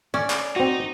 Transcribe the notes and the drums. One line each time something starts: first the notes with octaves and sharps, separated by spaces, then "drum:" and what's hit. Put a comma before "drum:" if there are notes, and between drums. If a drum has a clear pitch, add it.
C#4 D5
drum: clap
C4 D#4 F#4